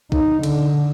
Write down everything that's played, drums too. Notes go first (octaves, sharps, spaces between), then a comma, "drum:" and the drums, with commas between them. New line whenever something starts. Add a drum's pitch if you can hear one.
D#4, drum: kick
D3, drum: cymbal